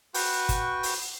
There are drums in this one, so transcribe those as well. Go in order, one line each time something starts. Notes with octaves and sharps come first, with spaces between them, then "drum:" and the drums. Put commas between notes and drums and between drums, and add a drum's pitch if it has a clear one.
F#4 B4 G5 C#6, drum: open hi-hat
drum: kick G1, hi-hat
drum: open hi-hat